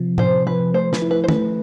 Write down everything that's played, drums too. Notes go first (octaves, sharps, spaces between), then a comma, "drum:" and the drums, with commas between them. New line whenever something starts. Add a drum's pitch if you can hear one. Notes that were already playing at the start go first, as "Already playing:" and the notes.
Already playing: C3 F3
C3 C5, drum: tom A2
F3 B4
A3 C5
B4, drum: snare
E4
B4
C5
A3 B4, drum: tom